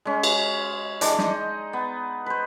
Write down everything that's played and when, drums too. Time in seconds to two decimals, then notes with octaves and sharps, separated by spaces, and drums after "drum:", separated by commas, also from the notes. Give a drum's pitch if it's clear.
0.05 G#3 C#4
0.23 drum: cymbal
1.01 E3 G#3 D4 D#5, drum: hi-hat
1.18 D#4, drum: snare
1.73 B3
2.26 B4 C5